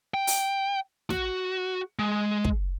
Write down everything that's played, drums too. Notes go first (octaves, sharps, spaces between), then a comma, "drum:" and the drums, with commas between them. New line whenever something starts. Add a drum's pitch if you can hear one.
G5
drum: open hi-hat
F#4, drum: snare
G#3
drum: kick